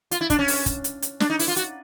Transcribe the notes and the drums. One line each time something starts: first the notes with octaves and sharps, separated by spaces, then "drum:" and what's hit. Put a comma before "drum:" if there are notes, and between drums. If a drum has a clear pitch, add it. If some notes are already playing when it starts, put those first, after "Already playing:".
F4, drum: hi-hat
E4
D4, drum: kick, hi-hat
C#4
drum: open hi-hat
drum: kick, hi-hat
drum: hi-hat
drum: hi-hat
D4, drum: snare
D#4
E4, drum: open hi-hat
F4
F#4, drum: hi-hat